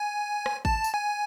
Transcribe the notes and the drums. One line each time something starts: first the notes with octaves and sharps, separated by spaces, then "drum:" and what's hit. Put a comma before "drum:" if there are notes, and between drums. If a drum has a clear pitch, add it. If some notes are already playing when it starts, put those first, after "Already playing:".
Already playing: G#5
drum: rim click
A5, drum: kick G#1
drum: tambourine
G#5